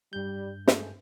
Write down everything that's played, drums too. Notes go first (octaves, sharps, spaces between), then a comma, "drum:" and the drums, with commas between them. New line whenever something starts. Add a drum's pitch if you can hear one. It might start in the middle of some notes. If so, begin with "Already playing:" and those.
G2 G3 G6
G#3 A3, drum: snare